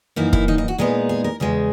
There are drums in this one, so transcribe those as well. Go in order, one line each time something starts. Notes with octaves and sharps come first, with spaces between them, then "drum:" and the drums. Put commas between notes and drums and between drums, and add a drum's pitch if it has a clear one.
F#2 E3 A#3 D#4 E4
E4, drum: kick
D#4
D#4
F#4
A#2 G#3 B3 D#4 G#4
G#4
A#4
E2 C#3 G#3 G#4